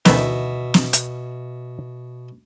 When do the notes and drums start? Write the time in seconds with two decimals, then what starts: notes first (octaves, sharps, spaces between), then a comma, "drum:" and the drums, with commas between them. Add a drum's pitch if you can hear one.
0.05 D2 B2 D#3 E3 E5, drum: snare
0.74 drum: snare
0.93 drum: hi-hat